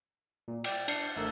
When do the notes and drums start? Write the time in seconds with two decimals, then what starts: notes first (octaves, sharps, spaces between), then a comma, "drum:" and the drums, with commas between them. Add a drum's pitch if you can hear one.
0.48 A#2
0.64 D5 G5, drum: cymbal
0.88 D4 G6 C7 C#7, drum: cymbal
1.16 G#1 A3 D4 A#4 E6